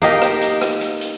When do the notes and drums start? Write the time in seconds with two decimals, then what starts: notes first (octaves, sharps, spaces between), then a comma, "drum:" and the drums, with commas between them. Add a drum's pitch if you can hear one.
0.02 A#3 D#4 G4 A#4, drum: hi-hat
0.21 drum: rim click
0.41 drum: hi-hat
0.61 drum: rim click
0.81 drum: hi-hat
1.01 drum: hi-hat